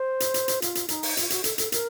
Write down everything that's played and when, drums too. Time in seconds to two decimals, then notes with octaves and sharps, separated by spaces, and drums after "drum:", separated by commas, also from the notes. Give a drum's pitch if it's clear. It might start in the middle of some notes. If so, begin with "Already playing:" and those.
Already playing: C5
0.20 drum: hi-hat
0.34 drum: hi-hat
0.48 drum: hi-hat
0.62 F4, drum: hi-hat
0.75 drum: hi-hat
0.88 D#4, drum: hi-hat
1.03 drum: open hi-hat
1.17 F4, drum: hi-hat
1.30 F#4, drum: hi-hat
1.44 A4, drum: hi-hat
1.58 A4, drum: hi-hat
1.72 A#4, drum: hi-hat